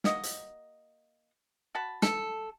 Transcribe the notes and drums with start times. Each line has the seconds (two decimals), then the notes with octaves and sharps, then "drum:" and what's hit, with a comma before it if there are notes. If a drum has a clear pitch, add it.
0.04 A#3 F#4 D#5, drum: snare
0.23 drum: hi-hat
1.75 F#4 A5 B5
2.02 A4, drum: snare